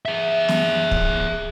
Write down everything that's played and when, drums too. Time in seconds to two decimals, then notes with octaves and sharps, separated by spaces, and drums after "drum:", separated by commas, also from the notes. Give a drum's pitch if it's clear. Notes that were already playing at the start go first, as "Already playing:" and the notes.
0.06 G#4 E5
0.48 drum: snare
0.91 drum: kick